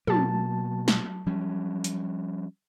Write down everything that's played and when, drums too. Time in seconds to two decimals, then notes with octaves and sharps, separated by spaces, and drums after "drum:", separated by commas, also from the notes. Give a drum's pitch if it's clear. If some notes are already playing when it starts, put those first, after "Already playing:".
0.07 B2 F#3 A#3 A5, drum: tom
0.88 drum: snare
1.26 F3 G3 C#4
1.84 drum: hi-hat